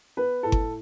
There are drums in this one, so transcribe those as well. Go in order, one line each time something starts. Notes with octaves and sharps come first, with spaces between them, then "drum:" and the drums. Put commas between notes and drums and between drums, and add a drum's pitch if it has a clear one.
B3 B4
A2 A4
drum: kick G1